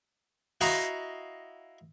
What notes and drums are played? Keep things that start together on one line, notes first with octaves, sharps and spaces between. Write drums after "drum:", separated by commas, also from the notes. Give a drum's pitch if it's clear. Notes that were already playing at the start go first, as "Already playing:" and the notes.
E4 F#4 D#5 F5 A#5, drum: open hi-hat